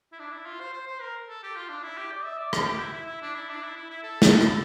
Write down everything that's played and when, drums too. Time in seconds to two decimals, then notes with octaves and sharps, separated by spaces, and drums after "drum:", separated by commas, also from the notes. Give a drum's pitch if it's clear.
0.12 E4
0.19 D4
0.32 E4
0.46 F4
0.60 C5
0.73 C5
0.87 C5
1.01 A#4
1.29 A4
1.43 G4
1.56 F4
1.69 D4
1.83 E4
1.97 G4
2.11 D5
2.25 E5
2.38 D5
2.53 A#4, drum: rim click
2.65 G4
2.80 E4
2.93 E4
3.07 E4
3.21 D4
3.35 E4
3.49 D4
3.63 E4
3.76 E4
3.90 E4
4.03 A4
4.22 drum: snare
4.41 drum: rim click